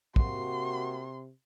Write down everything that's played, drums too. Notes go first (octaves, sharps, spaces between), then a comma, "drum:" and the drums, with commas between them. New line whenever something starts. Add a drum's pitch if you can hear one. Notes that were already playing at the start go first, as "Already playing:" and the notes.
C3 A#3 F#4 C6, drum: kick